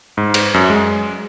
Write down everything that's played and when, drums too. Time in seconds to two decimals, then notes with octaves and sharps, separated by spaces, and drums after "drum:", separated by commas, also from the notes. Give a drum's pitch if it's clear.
0.17 G#2
0.34 drum: cymbal
0.54 F#2
0.70 G#3